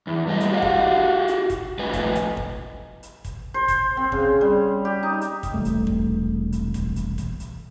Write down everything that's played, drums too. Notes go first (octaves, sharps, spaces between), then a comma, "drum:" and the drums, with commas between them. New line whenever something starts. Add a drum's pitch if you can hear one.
E2
G2 A#2 G3 A3 D#5
drum: hi-hat
F#4 G4 D5 F5 F#5
drum: kick
drum: hi-hat
drum: kick, hi-hat
F2 A2 B4 D#5 G#5
drum: kick, hi-hat
drum: hi-hat
drum: kick
drum: hi-hat
drum: kick, hi-hat
C5
drum: kick, hi-hat
C4
C#3, drum: kick
G3
G4
D#4
drum: hi-hat
drum: kick, hi-hat
E1 C2 A3
drum: hi-hat
drum: kick
drum: hi-hat
drum: kick, hi-hat
drum: hi-hat
drum: kick, hi-hat
drum: hi-hat